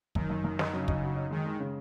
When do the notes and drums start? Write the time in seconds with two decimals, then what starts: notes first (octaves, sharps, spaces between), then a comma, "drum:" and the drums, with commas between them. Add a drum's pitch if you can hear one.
0.15 F#2 D#3, drum: kick
0.30 F#2
0.44 F#2
0.59 D#4, drum: snare
0.73 C#3 F#3
0.88 D#4, drum: kick
1.02 F#4
1.16 D#4
1.31 D#3 G#3
1.46 G#3
1.59 C#3